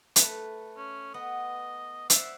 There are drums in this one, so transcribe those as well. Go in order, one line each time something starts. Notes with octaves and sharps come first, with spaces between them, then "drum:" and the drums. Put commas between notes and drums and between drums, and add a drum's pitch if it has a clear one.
A3 B4, drum: hi-hat
C#4
B3 D#5
C5 D5 E5 F#5, drum: hi-hat